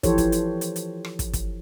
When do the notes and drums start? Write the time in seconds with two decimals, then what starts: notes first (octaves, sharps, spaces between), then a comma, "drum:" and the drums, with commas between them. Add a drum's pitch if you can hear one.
0.03 E3 F3 G4 A4 C5 C#5, drum: kick, hi-hat
0.18 drum: kick, hi-hat
0.32 drum: hi-hat
0.61 drum: hi-hat
0.76 drum: hi-hat
1.05 drum: rim click
1.19 drum: kick, hi-hat
1.33 drum: kick, hi-hat